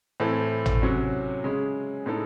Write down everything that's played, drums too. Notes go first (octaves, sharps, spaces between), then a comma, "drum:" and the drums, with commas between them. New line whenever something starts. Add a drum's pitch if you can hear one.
A2 E3 C4 E4 A4
drum: tom G#1
C3 F#3 C#4 F#4
C#3 G#3 C#4 G#4
A2 G#3 D#4 A4